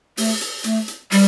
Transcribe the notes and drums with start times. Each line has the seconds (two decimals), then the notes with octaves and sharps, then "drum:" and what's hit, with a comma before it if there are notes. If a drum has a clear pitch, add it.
0.17 A3, drum: open hi-hat
0.41 drum: hi-hat
0.64 A3, drum: hi-hat
0.88 drum: hi-hat
1.11 G3, drum: open hi-hat